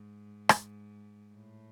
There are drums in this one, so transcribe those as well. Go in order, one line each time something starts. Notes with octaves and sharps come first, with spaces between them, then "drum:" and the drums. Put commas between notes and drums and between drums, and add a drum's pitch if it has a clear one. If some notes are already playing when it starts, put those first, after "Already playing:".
Already playing: G#2
drum: rim click
A2